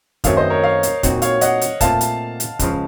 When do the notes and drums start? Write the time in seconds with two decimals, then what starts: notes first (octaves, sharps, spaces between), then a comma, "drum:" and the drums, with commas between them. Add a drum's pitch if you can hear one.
0.24 F#2 D#3 F#3 A3 C4 C#5 F5, drum: kick, hi-hat
0.37 C5 D#5
0.50 A#4 C#5
0.63 C#5 F5
0.83 drum: hi-hat
1.03 A#2 F#3 C4 D#4 F#4, drum: kick, hi-hat
1.22 C#5 F5, drum: hi-hat
1.41 D#5 F#5, drum: hi-hat
1.61 drum: hi-hat
1.81 A#2 A3 C4 F4 F5 A5, drum: kick, hi-hat
2.01 drum: hi-hat
2.40 drum: hi-hat
2.59 C#2 C#3 F3, drum: kick, hi-hat